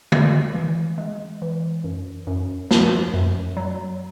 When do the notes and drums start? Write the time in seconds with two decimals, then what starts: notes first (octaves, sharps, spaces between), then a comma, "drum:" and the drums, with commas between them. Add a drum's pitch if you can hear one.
0.12 G#3, drum: tom D3
0.55 E3
0.98 G#3
1.42 E3
1.84 F#2
2.27 F#2
2.71 F3, drum: snare
3.14 F#2
3.57 F#3